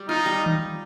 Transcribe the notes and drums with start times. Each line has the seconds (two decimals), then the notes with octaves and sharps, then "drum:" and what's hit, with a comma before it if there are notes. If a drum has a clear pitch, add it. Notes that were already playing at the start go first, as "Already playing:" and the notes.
Already playing: G3
0.09 D#4 F4
0.26 G3
0.46 drum: tom D#3